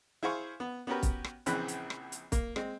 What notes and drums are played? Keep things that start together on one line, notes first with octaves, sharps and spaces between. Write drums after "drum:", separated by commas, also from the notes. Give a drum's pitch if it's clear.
E4 G#4 C5 F5 C#6
B3
B3 C#4 F#4 G4 A#4 B4
drum: kick, hi-hat
drum: rim click
A#1 C#3 E3 C4 B5 F#6, drum: hi-hat
drum: hi-hat
drum: rim click
drum: hi-hat
A#3, drum: kick, hi-hat
G#3 C4, drum: rim click